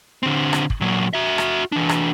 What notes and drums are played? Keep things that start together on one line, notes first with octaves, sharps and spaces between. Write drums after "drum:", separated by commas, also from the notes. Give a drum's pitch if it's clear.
D3 C4
drum: rim click
drum: kick
A#2 F#3
F#4 E5
drum: rim click
E3 D4
drum: rim click